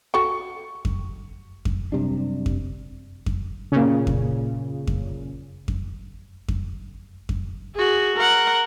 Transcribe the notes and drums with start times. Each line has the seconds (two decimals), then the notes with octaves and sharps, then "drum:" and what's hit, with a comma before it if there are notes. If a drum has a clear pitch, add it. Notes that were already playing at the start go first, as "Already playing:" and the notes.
0.14 F#4 A4 G5 C#6
0.85 drum: kick F2
1.65 drum: kick F2
1.92 F#2 C3 G3 D4
2.46 drum: kick F2
3.26 drum: kick F2
3.72 A#2 C#3
4.07 drum: kick F2
4.87 drum: kick F2
5.68 drum: kick F2
6.48 drum: kick F2
7.29 drum: kick F2
7.75 F#4 G#4
8.16 A#4 F#5